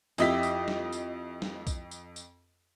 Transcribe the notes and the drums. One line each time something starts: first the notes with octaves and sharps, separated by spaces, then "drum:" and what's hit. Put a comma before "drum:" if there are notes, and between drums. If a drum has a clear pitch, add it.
F2 E4 F4 G4 D#5 B6, drum: tambourine
drum: tambourine
drum: snare
drum: tambourine
drum: snare
drum: kick B1, tambourine
drum: tambourine
drum: tambourine